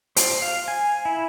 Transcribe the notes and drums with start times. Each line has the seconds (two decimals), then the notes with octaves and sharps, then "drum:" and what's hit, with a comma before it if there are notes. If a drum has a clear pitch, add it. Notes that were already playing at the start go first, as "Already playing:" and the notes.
0.17 C5, drum: hi-hat
0.42 F5
0.68 G#5
1.05 E4